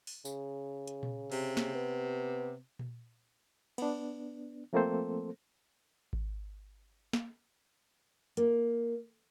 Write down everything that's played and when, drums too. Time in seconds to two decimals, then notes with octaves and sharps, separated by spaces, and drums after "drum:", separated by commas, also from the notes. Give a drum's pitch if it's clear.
0.07 drum: open hi-hat
0.25 C#3, drum: tambourine
0.87 drum: hi-hat
1.03 drum: tom A#2
1.32 C3, drum: cymbal
1.57 drum: snare
1.75 B3
2.79 drum: tom A#2
3.78 B3 D4, drum: cymbal
4.73 F3 A3 A#3 C4 A4 C5
6.13 drum: kick G#1
7.13 drum: snare
8.37 A#3, drum: hi-hat